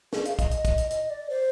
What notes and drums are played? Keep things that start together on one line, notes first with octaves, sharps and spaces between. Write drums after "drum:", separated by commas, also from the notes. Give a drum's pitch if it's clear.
G#4, drum: snare
F5, drum: hi-hat
D#5, drum: kick, hi-hat
D#5, drum: hi-hat
drum: kick, hi-hat
drum: hi-hat
D#5, drum: hi-hat
D5
C5